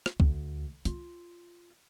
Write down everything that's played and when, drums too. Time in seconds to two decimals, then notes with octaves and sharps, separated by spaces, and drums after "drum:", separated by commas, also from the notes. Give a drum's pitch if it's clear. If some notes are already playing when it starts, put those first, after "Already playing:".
0.06 drum: rim click
0.20 D2, drum: kick C2
0.85 F4, drum: hi-hat